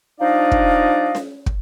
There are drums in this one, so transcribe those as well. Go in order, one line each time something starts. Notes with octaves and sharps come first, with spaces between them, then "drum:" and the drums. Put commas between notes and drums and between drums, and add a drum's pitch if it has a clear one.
F3 D4 D#4 D5 D#5 F5
drum: kick
drum: snare C#4
drum: kick